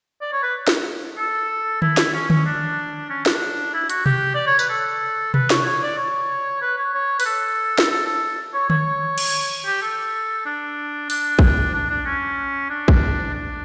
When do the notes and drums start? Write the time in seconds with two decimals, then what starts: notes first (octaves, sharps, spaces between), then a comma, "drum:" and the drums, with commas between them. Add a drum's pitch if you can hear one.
0.22 D5
0.33 C#5
0.43 B4
0.67 drum: snare
1.18 A4
1.82 E4, drum: tom D3
1.97 drum: snare
2.14 C#4
2.30 C#4, drum: tom D3
2.46 D4
3.10 C#4
3.26 D4, drum: snare
3.74 E4
3.90 F#4, drum: hi-hat
4.06 G4, drum: tom B2
4.35 D5
4.47 C#5
4.59 B4, drum: tambourine
4.70 A4
5.34 B4, drum: tom B2
5.50 C#5, drum: snare
5.66 C#5
5.83 D5
5.98 C#5
6.62 B4
6.78 C#5
6.94 C#5
7.20 B4, drum: open hi-hat
7.26 A4
7.78 drum: snare
7.90 A4
8.06 A4
8.54 C#5
8.70 C#5, drum: tom D3
9.18 drum: cymbal
9.66 G4
9.82 A4
10.46 D4
11.10 D4, drum: open hi-hat
11.39 drum: kick
11.74 D4
11.90 D4
12.06 C#4
12.70 D4
12.88 drum: kick
13.34 D4